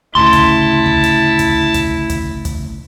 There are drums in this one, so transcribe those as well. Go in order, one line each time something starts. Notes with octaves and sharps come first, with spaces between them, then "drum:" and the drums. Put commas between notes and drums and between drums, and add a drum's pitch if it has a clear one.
D2 A2 C#3 E4 A5 C6
drum: kick, hi-hat
drum: kick
drum: hi-hat
drum: kick, hi-hat
drum: kick, hi-hat
drum: kick, hi-hat
drum: kick, hi-hat